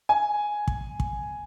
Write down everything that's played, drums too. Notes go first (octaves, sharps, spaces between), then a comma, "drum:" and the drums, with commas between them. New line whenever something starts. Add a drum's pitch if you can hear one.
G#5
drum: kick
drum: kick